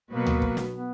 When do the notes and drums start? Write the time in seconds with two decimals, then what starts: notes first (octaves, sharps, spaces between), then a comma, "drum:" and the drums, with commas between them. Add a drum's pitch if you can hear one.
0.11 B2 F#3 A#3 B3 F#4 B4
0.27 drum: tom D2
0.42 drum: kick
0.57 drum: snare
0.72 B3